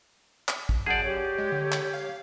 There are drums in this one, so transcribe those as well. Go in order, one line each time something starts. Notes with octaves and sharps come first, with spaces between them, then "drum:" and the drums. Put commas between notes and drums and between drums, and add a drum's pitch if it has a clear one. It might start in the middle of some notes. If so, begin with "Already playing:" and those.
drum: clap
drum: kick
F#2 G#4 D5 F#5 A5 G6
G4 C#5
G#3
D3
drum: clap
F5